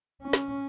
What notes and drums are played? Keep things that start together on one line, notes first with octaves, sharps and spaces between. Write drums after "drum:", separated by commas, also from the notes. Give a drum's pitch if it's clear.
C#4
drum: snare